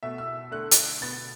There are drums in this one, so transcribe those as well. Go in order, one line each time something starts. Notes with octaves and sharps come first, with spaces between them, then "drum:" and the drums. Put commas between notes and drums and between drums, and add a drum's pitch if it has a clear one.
B2 A3 E5
E6
D3 A3 F#6
drum: hi-hat
B2 B3 A6